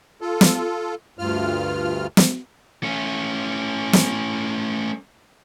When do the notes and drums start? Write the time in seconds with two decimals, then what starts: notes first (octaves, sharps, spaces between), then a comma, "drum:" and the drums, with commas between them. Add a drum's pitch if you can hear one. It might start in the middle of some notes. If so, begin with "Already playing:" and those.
0.21 F4 A4
0.41 drum: snare
1.19 D2 G2 F4 F6
2.17 drum: snare
2.83 A3 C#4
3.93 drum: snare